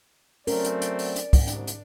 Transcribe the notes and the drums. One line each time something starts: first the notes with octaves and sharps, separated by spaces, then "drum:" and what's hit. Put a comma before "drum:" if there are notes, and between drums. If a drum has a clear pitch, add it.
F#3 A3 C4 C#4 A#4 D5, drum: open hi-hat
drum: hi-hat
drum: hi-hat
drum: open hi-hat
drum: hi-hat
drum: kick, open hi-hat
F#1 C2 G#2 D4, drum: hi-hat
drum: hi-hat